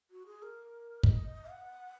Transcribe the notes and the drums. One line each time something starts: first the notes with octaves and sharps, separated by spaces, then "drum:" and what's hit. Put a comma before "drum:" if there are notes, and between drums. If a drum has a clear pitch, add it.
F#4
G#4
A#4
D#5, drum: kick
F#5